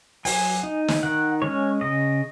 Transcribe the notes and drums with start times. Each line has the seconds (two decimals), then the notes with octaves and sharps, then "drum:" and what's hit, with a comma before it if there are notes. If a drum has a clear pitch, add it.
0.25 F#3 G#5, drum: open hi-hat
0.63 D#4
0.88 drum: snare
1.03 D#3 F#5
1.42 G#3 C#4 C#5
1.81 C#3 D#5